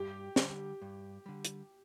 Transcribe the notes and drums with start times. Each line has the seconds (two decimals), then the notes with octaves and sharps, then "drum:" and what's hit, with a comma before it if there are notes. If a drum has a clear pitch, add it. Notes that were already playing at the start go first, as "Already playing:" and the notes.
Already playing: G2 G4
0.36 D3 G3, drum: snare
0.82 G2
1.26 D3 G3
1.45 drum: hi-hat